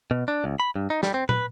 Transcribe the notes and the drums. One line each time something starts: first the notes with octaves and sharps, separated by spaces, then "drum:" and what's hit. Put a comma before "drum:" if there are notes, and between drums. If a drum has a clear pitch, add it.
B2
D4
C#2
B5
G2
D#4
G3, drum: snare
C4
B4, drum: tom